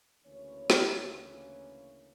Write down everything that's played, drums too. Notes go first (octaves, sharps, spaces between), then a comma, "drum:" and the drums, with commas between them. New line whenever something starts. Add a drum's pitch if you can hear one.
D2 C#3 E3 A#3 C#4 C#5
drum: snare